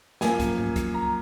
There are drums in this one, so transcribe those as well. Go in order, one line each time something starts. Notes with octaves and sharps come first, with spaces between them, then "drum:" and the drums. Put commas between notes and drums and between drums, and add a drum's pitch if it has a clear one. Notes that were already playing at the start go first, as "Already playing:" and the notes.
F#2 F3 A#3 G#5, drum: snare
drum: kick C2, hi-hat
drum: tom G#2
drum: kick C2, hi-hat
A#5